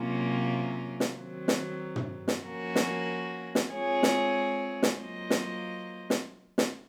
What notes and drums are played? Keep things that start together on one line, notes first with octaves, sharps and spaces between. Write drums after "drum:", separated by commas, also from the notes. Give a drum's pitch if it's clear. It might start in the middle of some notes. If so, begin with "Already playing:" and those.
Already playing: C3 F#3 A#3 C#4 F4
drum: snare
D#3 F#3 C4
drum: snare
drum: tom
drum: snare
F3 A#3 C#4 F#4 A#4
drum: snare
drum: snare
G#3 C4 F4 G#4 C#5
drum: snare
drum: snare
F#3 A#3 F4 C5 D#5
drum: snare
drum: snare
drum: snare